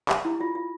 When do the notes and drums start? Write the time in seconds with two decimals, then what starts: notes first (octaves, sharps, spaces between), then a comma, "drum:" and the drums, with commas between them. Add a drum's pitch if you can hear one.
0.09 G4, drum: clap
0.25 E4
0.41 F4
0.55 F4